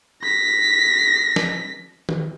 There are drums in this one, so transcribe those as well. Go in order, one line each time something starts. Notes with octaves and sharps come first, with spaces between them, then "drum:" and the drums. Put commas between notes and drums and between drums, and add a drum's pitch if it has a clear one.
A#6 B6
drum: snare
drum: tom D#3